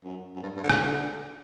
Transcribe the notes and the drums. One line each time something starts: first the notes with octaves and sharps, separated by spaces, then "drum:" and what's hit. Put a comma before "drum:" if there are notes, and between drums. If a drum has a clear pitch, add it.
F#2
F#2
G2
G2
D3
C#3, drum: rim click
D3